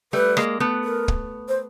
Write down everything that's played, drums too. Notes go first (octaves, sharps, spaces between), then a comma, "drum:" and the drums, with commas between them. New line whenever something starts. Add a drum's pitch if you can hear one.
G3 A3 B4
G#3 A#3, drum: rim click
A3 B3
A#4
drum: kick
C5